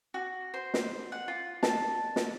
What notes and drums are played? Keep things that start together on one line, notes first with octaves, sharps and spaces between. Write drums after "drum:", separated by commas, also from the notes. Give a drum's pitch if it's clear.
F#4
C5
drum: snare
F#5
F4
A5, drum: snare
drum: snare